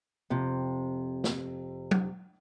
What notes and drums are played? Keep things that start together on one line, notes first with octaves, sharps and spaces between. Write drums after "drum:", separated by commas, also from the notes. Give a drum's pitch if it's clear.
F2 C3
drum: snare
drum: tom F#3